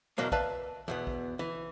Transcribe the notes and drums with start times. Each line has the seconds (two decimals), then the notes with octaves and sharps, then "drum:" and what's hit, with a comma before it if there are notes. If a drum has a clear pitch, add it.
0.18 E2 B2 F#3 A#3 F5
0.32 B4 D5 E5 F5 A5, drum: kick A#1
0.88 E2 B2 B3
1.07 drum: kick A#1
1.39 E3